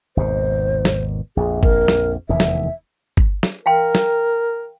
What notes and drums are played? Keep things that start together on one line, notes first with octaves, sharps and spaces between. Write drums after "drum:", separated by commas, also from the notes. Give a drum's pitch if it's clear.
G#1 D#2 B2 C5
drum: snare
A#1 F2 G#4
A#4, drum: kick G1
drum: snare
F1 E2 D#3 E5
drum: snare
drum: kick G1
drum: snare
A#4 F5 G5 C6
drum: snare